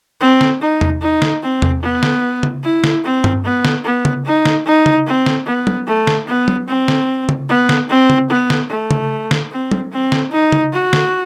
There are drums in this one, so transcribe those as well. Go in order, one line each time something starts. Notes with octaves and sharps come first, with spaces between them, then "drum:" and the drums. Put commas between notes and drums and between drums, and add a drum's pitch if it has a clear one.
C4
drum: snare
D#4
drum: tom E2
D#4
drum: snare
C4
drum: tom E2
B3
drum: snare
drum: tom C#3
E4
drum: snare
C4
drum: tom G2
B3
drum: snare
B3
drum: tom C#3
D#4
drum: snare
D#4
drum: tom C#3
C4
drum: snare
B3
drum: tom F#3
A3
drum: snare
B3
drum: tom F#3
C4
drum: snare
drum: tom C#3
B3
drum: snare
C4
drum: tom C#3
B3
drum: snare
A3
drum: tom C#3
drum: snare
C4
drum: tom F#3
C4
drum: snare
D#4
drum: tom C#3
F#4
drum: snare